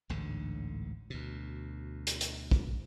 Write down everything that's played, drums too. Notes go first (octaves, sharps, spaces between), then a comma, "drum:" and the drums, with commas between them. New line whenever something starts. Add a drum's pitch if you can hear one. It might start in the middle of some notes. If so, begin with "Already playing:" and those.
A1 D2 G#2 D3
D2 B2
drum: hi-hat
drum: hi-hat
drum: kick